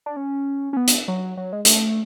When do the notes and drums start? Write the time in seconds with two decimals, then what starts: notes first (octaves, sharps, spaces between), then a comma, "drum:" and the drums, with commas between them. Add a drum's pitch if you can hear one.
0.06 D4
0.17 C#4
0.73 C#4
0.77 B3
0.87 drum: hi-hat
1.08 F#3
1.37 F#3
1.53 G#3
1.65 G#3, drum: hi-hat
1.68 A3